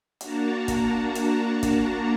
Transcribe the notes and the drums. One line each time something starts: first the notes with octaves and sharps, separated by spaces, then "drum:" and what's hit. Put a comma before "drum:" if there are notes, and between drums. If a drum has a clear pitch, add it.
A#3 D4 F#4 A5 A#5, drum: hi-hat
drum: kick, hi-hat
drum: hi-hat
drum: kick, hi-hat